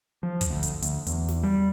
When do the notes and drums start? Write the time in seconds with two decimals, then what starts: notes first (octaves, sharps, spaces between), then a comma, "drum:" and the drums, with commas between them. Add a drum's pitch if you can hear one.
0.23 F3
0.41 drum: kick, hi-hat
0.50 D2
0.63 drum: hi-hat
0.82 D2, drum: hi-hat
1.07 E2, drum: hi-hat
1.28 drum: snare
1.43 G3